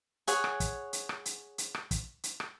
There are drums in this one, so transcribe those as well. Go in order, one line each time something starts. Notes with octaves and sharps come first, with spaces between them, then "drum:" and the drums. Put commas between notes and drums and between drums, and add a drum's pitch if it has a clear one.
G#4 C#5 F#5 G#5, drum: hi-hat
drum: rim click
drum: kick, hi-hat
drum: hi-hat
drum: rim click
drum: hi-hat
drum: hi-hat
drum: rim click
drum: kick, hi-hat
drum: hi-hat
drum: rim click